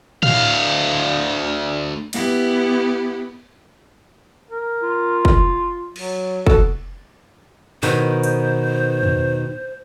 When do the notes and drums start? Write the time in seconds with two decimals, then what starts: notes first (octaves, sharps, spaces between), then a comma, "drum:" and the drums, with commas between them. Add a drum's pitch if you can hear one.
0.23 D2 F5, drum: tom A2
2.13 B3 E4 G4, drum: cymbal
4.50 A#4
4.82 F4
5.25 drum: kick
5.96 F#3, drum: cymbal
6.47 F#4 A4, drum: kick
7.83 B2 D#3 C5, drum: tambourine
8.23 drum: hi-hat
9.03 drum: tom E2